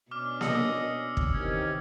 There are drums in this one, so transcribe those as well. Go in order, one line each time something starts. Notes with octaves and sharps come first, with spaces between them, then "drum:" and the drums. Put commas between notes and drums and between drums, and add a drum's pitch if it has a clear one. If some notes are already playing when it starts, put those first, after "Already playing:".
B2 C#4 D4 D6 F6
D#5 D#6 E6 C#7, drum: snare A#3
drum: kick
C3 D#3 E3 C#4